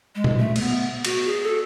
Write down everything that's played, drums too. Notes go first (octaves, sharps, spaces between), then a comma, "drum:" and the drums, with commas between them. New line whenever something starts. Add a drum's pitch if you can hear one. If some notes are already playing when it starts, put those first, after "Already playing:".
G#3
drum: tom A#2
A3
A3, drum: cymbal
B3
F#4, drum: cymbal
G#4
A4